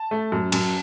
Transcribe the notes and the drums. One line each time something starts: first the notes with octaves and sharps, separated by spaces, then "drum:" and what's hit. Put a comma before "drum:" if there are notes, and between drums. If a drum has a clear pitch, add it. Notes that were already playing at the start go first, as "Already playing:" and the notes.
Already playing: A5
A3
F#2
F#2, drum: cymbal